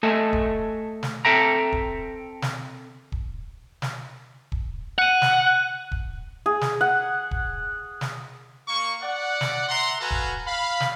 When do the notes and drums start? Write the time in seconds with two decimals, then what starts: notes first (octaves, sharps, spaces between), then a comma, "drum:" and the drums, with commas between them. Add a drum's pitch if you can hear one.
0.03 A3 A4 D#5 E5 G#5
0.33 drum: kick
1.03 drum: snare
1.25 C4 A4 E5 G5 A#5
1.72 drum: kick
2.42 drum: snare
3.12 drum: kick
3.82 drum: snare
4.52 drum: kick
4.98 F#5 F#6 D#7
5.22 drum: snare
5.92 drum: kick
6.46 G#4
6.61 drum: snare
6.81 F#5
7.31 drum: kick
8.01 drum: snare
8.67 A#3 C#6
9.01 D5 F#5
9.41 drum: snare
9.68 E5 F#5 A#5 C6
10.00 F#4 A4 B4 F5 G#5 A#5
10.11 drum: kick
10.46 F5 B5
10.80 drum: snare